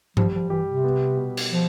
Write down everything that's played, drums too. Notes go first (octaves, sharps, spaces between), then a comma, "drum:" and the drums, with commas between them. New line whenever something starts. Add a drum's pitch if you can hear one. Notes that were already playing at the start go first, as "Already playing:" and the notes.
F3 G3, drum: tom G2
F3
E3 G4
C3
B3
B2
drum: cymbal
F3